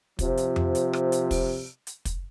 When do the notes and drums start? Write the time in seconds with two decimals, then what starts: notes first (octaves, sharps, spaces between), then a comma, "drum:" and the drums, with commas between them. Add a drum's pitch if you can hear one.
0.19 C3 F3, drum: kick, hi-hat
0.37 drum: hi-hat
0.56 drum: tom F2
0.75 drum: hi-hat
0.93 drum: rim click
1.12 drum: hi-hat
1.31 drum: kick, open hi-hat
1.87 drum: hi-hat
2.05 drum: kick, hi-hat